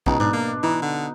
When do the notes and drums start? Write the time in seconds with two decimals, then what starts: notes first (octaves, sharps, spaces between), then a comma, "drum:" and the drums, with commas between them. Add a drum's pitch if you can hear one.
0.06 C#2 B2 D#4 A5, drum: kick
0.20 G#2 D4, drum: tom G#2
0.33 A#3
0.63 E3 D#4
0.82 D3